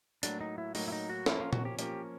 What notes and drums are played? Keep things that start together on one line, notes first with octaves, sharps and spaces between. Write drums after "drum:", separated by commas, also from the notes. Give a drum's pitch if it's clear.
A2 F#3 A#3 D4, drum: hi-hat
D#4
E4
A2 F#3 A#3 D#4, drum: open hi-hat
E4
D#4
F#4
F3 A#3 C#4 E4, drum: snare
F4
F#4, drum: tom A#2
G4
F3 A#3 C#4 G4, drum: hi-hat